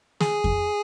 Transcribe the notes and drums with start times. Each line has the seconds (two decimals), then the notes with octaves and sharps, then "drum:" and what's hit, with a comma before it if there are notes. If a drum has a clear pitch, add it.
0.20 G#4 G#5, drum: snare
0.44 drum: kick F2